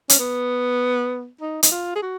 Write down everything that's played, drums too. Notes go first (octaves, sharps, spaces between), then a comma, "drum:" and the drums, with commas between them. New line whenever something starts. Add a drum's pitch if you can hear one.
C#4, drum: hi-hat
B3
D#4
D#4, drum: hi-hat
F4
G#4
F#4